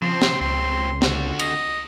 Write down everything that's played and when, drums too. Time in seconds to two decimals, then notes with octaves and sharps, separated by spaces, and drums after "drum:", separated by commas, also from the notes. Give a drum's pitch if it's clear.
0.02 C#3 F3 C4 C6
0.22 drum: snare
0.41 C#2 C6
1.02 D3 F#4, drum: snare
1.39 D#5, drum: cymbal